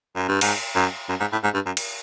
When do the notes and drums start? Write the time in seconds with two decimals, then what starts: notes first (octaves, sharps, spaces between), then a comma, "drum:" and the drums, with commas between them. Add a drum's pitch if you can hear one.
0.16 F#2
0.28 G2
0.41 G#2, drum: cymbal
0.75 F#2
1.09 F#2
1.20 G#2
1.32 A2
1.43 G#2
1.54 G2
1.66 F#2
1.77 drum: cymbal